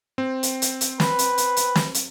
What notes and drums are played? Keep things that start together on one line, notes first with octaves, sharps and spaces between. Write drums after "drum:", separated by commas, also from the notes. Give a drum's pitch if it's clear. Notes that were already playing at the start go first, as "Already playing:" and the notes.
C4
drum: hi-hat
drum: hi-hat
drum: hi-hat
B4, drum: snare
drum: hi-hat
drum: hi-hat
drum: hi-hat
drum: snare
drum: hi-hat